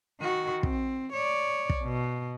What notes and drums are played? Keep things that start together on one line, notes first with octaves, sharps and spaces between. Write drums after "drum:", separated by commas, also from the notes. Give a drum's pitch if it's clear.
D#3 F#4
C4, drum: kick
C#5 D5
drum: kick
B2